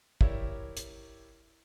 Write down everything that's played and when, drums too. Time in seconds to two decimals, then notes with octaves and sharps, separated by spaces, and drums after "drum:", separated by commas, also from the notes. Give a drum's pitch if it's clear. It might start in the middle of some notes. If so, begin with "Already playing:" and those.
0.21 E4 G4 A#4 C#5 D5 E5, drum: kick
0.77 drum: hi-hat